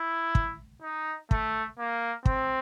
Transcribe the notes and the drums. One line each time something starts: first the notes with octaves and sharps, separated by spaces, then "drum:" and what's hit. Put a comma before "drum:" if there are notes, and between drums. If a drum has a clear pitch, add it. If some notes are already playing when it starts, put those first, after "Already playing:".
Already playing: E4
drum: kick
D#4
A3, drum: kick
A#3
C4, drum: kick